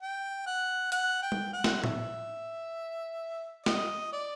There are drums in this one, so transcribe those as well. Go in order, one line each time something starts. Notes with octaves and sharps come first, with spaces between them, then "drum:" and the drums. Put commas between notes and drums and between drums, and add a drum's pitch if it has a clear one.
G5
F#5
F#5, drum: hi-hat
G5
drum: tom G3
F#5
drum: snare
E5, drum: tom A2
D#5, drum: snare
D5